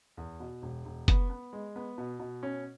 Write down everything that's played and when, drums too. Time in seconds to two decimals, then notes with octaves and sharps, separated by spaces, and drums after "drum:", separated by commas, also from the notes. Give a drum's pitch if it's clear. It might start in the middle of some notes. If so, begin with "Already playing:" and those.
0.17 E2
0.40 B2
0.62 E1
0.85 E1
1.08 B3, drum: kick, hi-hat
1.30 B3
1.53 G#3
1.76 B3
1.98 B2
2.20 B2
2.43 C#4